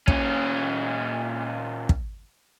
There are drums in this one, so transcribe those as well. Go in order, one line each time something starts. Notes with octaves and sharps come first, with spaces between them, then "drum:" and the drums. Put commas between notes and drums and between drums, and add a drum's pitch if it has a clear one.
A#2 C#4, drum: kick
drum: kick